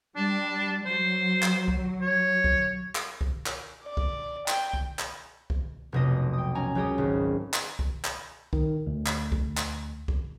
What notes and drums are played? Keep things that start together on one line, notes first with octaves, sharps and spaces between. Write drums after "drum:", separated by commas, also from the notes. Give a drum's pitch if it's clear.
G3 D4
F#3 C5
drum: clap
drum: kick C2
C#5
drum: kick C2
drum: clap
drum: kick C2
drum: clap
D5
drum: kick C2
G5, drum: clap
drum: kick C2
drum: clap
drum: kick C2
F1 B1 D#5
G5 D#6
C#4 G#5 A#5
C#2 F#3 F#4 G4 C#5 D#6
G#1
drum: clap
drum: kick C2
drum: clap
D#3, drum: kick C2
D2
drum: clap
drum: kick C2
drum: clap
drum: kick C2